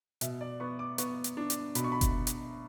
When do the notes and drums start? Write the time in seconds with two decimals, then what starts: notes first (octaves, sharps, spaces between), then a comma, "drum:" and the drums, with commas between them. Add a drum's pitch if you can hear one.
0.21 B2 E5, drum: hi-hat
0.41 D5
0.60 B3 C#6
0.79 D6
0.98 B3 C#6, drum: hi-hat
1.24 drum: hi-hat
1.37 D4
1.50 drum: hi-hat
1.75 B2 B5, drum: hi-hat
1.84 C#6
1.92 B5
2.01 drum: kick F#1, hi-hat
2.27 drum: hi-hat